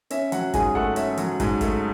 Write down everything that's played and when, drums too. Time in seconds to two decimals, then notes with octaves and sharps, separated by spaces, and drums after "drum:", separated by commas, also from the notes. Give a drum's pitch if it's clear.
0.10 C#4 E5, drum: hi-hat
0.32 F#3 F#5, drum: hi-hat
0.54 G#2 G#4 G#5, drum: kick, hi-hat
0.75 A3 F#5, drum: kick
0.96 C#4 E5, drum: hi-hat
1.17 F#3, drum: hi-hat
1.40 G#2, drum: kick, hi-hat
1.61 A3, drum: kick, hi-hat